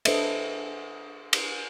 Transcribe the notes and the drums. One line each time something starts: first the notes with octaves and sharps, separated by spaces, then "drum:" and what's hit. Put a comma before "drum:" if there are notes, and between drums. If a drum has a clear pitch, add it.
D4 A4 B4 C5 D#5 E5, drum: cymbal
drum: cymbal